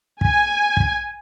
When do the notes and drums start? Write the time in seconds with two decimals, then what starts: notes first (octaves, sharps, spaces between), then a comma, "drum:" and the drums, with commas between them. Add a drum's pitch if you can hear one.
0.21 G#5, drum: kick
0.77 drum: kick